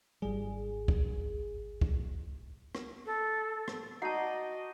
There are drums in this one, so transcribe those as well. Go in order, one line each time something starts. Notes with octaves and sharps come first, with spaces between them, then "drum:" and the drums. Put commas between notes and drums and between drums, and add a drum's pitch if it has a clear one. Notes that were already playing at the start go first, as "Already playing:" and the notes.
G#1 G3 G#4
drum: kick
drum: kick
drum: rim click
A4
drum: rim click
D#4 F#4 D5 D#5 F#5 A5